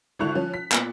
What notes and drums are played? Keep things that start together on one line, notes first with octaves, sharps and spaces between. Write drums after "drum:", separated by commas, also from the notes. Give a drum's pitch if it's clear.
G#1 D3 E4 C#6 F#6 F7
F3 C#4
B6
A#2 B3, drum: clap